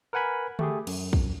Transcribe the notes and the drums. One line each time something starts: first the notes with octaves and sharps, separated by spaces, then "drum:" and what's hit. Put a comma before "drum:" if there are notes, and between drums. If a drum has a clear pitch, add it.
A#4 B4 F#5 G#5 B5
A3 G4 G#4, drum: tom D3
F#2, drum: cymbal
drum: kick